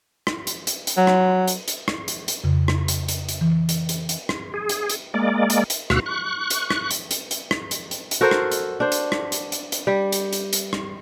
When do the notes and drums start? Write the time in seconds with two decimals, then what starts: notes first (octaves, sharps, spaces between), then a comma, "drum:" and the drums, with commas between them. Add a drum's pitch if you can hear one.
0.27 drum: rim click
0.47 drum: hi-hat
0.67 drum: hi-hat
0.87 drum: hi-hat
0.97 F#3
1.07 drum: rim click
1.48 drum: hi-hat
1.68 drum: hi-hat
1.88 drum: rim click
2.08 drum: hi-hat
2.28 drum: hi-hat
2.44 F2 C#3
2.68 drum: rim click
2.88 drum: hi-hat
3.08 drum: hi-hat
3.29 drum: hi-hat
3.41 E3
3.69 drum: hi-hat
3.89 drum: hi-hat
4.09 drum: hi-hat
4.29 drum: rim click
4.54 G#4
4.69 drum: hi-hat
4.89 drum: hi-hat
5.14 G#3 A#3 D5
5.50 drum: hi-hat
5.70 drum: hi-hat
5.90 D2 B2 F#4 F5 E6 F#6, drum: rim click
6.06 C#6 F#6
6.50 drum: hi-hat
6.71 drum: rim click
6.91 drum: hi-hat
7.11 drum: hi-hat
7.31 drum: hi-hat
7.51 drum: rim click
7.71 drum: hi-hat
7.91 drum: hi-hat
8.11 drum: hi-hat
8.21 F#4 A4 A#4 C5
8.31 drum: rim click
8.52 drum: hi-hat
8.80 D4 C5
8.92 drum: hi-hat
9.12 drum: rim click
9.32 drum: hi-hat
9.52 drum: hi-hat
9.72 drum: hi-hat
9.87 G3
10.12 drum: hi-hat
10.33 drum: hi-hat
10.53 drum: hi-hat
10.73 drum: rim click